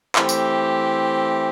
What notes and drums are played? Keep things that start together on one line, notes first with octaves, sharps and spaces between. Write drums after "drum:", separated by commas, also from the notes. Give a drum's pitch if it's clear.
E3 A3 C4 G4, drum: clap
drum: tambourine